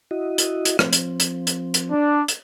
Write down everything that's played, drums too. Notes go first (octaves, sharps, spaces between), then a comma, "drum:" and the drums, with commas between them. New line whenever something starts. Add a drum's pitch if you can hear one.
E4 F#4 D#5
drum: hi-hat
drum: hi-hat
F3 C4, drum: rim click
drum: hi-hat
drum: hi-hat
drum: hi-hat
drum: hi-hat
D4
drum: hi-hat